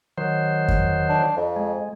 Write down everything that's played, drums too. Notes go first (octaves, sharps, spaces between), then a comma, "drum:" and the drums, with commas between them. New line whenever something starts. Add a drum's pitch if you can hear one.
D#3 F#3 C5
drum: kick F2
D4
F2
G#3